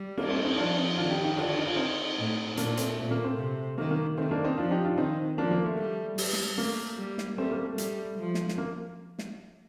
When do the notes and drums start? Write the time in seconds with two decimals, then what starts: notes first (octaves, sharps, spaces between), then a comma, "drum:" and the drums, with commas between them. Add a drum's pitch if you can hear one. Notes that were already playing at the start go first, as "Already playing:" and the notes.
Already playing: G3
0.18 A#3, drum: cymbal
0.31 A3 C4
0.44 C4 D#4
0.57 F3 D4 F4
0.77 C4 D#4
0.97 D#3 D4 F4
1.11 D#4 G4
1.24 D#4 G4
1.37 D3 D4 F4, drum: cymbal
1.58 D#4
1.67 F4
1.76 C4 D#4
2.18 A2
2.57 A#2 A#3 D4, drum: hi-hat
2.77 A3 C4, drum: hi-hat
2.97 A#2 A3
3.11 A#3
3.24 A3 C4
3.38 C3
3.78 D#3 A#3
3.91 A#3
4.17 D#3 A3 C4
4.31 A#3 D4
4.44 C4 D#4
4.58 F3 D4 F4
4.71 D#4 G4
4.85 D4 F4
4.98 D#3 C4 D#4
5.38 F3 A#3 D4
5.51 A#3
5.64 A3
5.78 G3
6.18 G3, drum: open hi-hat
6.33 drum: snare
6.57 A3 A#3
6.98 G3
7.18 drum: snare
7.38 G3 A3 C4
7.51 A#3
7.65 A3
7.78 G3, drum: hi-hat
8.18 F3
8.35 drum: snare
8.49 drum: snare
8.58 A#3
9.19 drum: snare